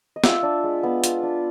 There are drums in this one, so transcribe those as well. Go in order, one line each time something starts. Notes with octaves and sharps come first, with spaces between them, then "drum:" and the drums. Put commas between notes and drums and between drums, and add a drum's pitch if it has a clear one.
D#5
F4 E5, drum: snare
D4
G#3
B3
F4, drum: hi-hat
D4